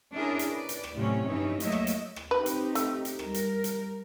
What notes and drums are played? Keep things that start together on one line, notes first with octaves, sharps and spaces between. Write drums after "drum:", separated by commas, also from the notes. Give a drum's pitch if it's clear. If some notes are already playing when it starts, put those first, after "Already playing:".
C#4 D4 E4 G#4 A#4 D5
drum: hi-hat
B4 D5
drum: hi-hat
drum: rim click
A2 C3 F#3 C#4
G2 E3 C#4 D#4 E4
F#3 A3 A#3 C#5 D#5 E5, drum: hi-hat
drum: rim click
drum: hi-hat
drum: rim click
C4 D#4 G4 B4
drum: hi-hat
A3, drum: hi-hat
drum: hi-hat
G3 A#4, drum: rim click
drum: hi-hat
drum: hi-hat